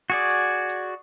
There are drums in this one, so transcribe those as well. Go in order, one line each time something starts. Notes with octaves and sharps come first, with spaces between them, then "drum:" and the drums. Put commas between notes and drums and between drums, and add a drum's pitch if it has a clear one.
F#4 G#4 D5
drum: hi-hat
drum: hi-hat